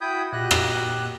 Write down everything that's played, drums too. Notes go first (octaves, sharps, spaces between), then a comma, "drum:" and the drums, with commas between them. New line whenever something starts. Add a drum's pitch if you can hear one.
E4 F#4 G5 B5 D#6 G6 G#6
A#2 F#4 G4 D#5 F#6
drum: rim click